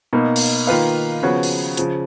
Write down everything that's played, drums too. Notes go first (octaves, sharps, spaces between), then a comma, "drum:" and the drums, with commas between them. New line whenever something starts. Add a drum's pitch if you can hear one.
B2 A#3 D#4
drum: open hi-hat
D#3 A#3 F4 B4 F5
C#3 F3 B3 F#4 C#5
drum: open hi-hat
C#3 F3, drum: hi-hat